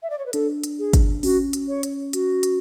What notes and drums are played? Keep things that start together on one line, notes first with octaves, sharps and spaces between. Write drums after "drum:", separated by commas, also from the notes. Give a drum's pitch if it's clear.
E5
D5
C#5
B4
D4 A4, drum: hi-hat
drum: hi-hat
G#4
drum: kick, hi-hat
C#4 F#4, drum: open hi-hat
drum: hi-hat
C#5
drum: hi-hat
F#4, drum: hi-hat
drum: hi-hat